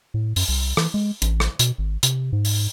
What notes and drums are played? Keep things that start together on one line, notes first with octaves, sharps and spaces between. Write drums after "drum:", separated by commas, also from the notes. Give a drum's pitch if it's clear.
A2
F#2, drum: open hi-hat
C2
E3, drum: rim click
G#3
A1, drum: hi-hat
drum: rim click
B2, drum: hi-hat
G#1
C3, drum: hi-hat
G#2
drum: open hi-hat